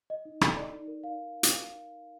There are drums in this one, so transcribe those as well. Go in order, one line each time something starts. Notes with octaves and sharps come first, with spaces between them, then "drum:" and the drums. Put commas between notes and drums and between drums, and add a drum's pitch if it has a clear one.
D#5
D#4
A4, drum: rim click
D5
D#4
A#4
F5
drum: hi-hat